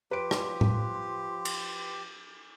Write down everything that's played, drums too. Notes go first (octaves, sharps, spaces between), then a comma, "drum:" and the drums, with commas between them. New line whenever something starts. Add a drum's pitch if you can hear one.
F3 G4 B4 C6 D7
drum: rim click
drum: tom A2
drum: cymbal